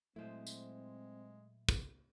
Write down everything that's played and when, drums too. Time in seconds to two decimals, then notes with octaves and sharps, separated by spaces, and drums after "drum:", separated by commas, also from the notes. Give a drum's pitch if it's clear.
0.16 A#2 F#3 G#3 A3 C4 E4 C5
0.47 drum: tambourine
1.69 drum: kick, tambourine